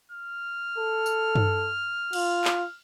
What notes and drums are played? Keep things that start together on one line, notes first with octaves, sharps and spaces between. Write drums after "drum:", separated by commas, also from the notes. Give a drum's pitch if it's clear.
F6
A4
drum: tambourine
drum: tom G2
F4, drum: cymbal
drum: clap